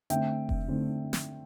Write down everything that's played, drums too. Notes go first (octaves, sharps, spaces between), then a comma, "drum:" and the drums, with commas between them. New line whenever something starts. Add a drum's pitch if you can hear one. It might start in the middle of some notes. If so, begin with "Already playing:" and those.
D3 A3 C4 E5 G5, drum: hi-hat
drum: kick F1
D3 A3 C4
drum: snare